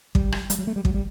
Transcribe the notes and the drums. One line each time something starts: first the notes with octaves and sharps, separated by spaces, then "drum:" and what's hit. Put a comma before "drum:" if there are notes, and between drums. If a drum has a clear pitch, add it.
G3, drum: kick
drum: rim click
G3, drum: hi-hat
F#3
A3
G3
F#3, drum: kick
G3